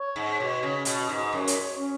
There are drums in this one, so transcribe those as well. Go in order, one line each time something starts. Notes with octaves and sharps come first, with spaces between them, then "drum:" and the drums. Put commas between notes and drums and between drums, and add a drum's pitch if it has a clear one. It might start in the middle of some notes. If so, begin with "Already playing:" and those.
Already playing: C#5
G#2
B2 C#5
C#3
B2, drum: hi-hat
G#2
F#2 C#5
drum: hi-hat
C#4